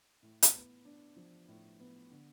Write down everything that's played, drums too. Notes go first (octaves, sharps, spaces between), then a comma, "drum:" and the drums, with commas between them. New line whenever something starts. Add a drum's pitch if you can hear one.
A2
drum: hi-hat
B3
D4
F3
A2
B3
D3